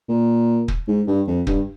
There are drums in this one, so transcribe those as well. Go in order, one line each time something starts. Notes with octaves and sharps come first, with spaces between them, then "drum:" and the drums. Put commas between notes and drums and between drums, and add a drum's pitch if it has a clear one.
A#2
drum: kick
G#2
G2
F2
G2, drum: kick